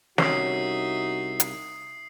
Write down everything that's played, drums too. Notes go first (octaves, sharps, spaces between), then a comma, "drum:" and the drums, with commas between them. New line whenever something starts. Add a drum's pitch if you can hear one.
C2 C#4 D#4 F#4 E5 D#6 C7, drum: snare
drum: hi-hat